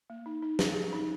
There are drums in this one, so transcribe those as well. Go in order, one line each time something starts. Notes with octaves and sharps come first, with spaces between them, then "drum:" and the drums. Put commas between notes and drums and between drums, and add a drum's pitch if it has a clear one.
A#3
D#4
D#4
G#4, drum: snare
G#4
D#4